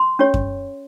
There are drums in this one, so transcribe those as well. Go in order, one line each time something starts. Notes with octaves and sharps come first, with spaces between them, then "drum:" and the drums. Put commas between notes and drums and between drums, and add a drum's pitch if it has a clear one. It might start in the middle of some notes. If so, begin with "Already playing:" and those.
Already playing: C6
C#4 G4 C#5
drum: kick F#2